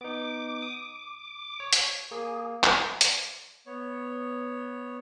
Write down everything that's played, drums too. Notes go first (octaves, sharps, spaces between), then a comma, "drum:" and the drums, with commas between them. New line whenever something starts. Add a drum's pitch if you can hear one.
B3 D#4 D6
D#6
C#5
drum: hi-hat
A#3 G#4
drum: clap
drum: hi-hat
B3 C#5